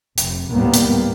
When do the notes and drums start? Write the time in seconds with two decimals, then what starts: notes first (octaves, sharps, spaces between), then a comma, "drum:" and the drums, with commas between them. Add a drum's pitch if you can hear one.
0.18 F1, drum: hi-hat
0.53 D2 A2 C3 G3 A#3 B3
0.74 drum: hi-hat